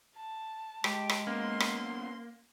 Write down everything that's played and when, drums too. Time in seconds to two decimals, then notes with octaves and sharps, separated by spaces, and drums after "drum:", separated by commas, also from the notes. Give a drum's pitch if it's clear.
0.16 A5
0.84 G#3 G4, drum: rim click
1.09 drum: rim click
1.27 A#3 B3 C#4 C6
1.60 drum: rim click